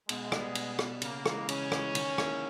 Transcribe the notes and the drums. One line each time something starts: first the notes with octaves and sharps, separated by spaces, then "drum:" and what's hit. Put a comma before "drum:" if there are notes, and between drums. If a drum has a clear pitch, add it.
B2 G#3, drum: cymbal
G3 B3, drum: rim click
B2, drum: cymbal
G3 B3, drum: rim click
C#3 A#3, drum: cymbal
E3 G#3, drum: rim click
C#3 C#4, drum: cymbal
E3 G#3, drum: rim click
D#3, drum: cymbal
A#3 E4 G#4, drum: rim click